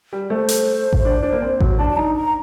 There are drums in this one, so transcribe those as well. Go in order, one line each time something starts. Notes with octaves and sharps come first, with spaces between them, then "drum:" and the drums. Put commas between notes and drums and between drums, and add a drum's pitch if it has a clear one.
G3
A3 C5
drum: hi-hat
drum: kick A1
D4
D4
A#3
C4
F#3, drum: kick A1
D4 A5
A5
D#4 A#5
A#5